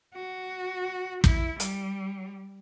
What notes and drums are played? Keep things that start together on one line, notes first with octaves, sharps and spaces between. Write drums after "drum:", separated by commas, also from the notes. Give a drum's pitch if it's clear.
F#4
E4, drum: kick
G3, drum: hi-hat